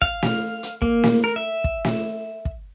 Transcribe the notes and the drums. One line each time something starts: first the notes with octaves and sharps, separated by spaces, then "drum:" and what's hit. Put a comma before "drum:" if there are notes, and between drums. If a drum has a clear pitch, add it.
F5, drum: kick
drum: snare
drum: hi-hat
A#3, drum: kick
drum: snare
A#4
E5
drum: kick
drum: snare
drum: kick